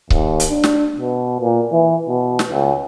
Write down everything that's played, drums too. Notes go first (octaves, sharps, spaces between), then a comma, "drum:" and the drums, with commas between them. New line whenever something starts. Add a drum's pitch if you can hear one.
D#2, drum: kick C#1
drum: hi-hat
D4
drum: snare
B2
A#2
E3
B2
drum: snare
C#2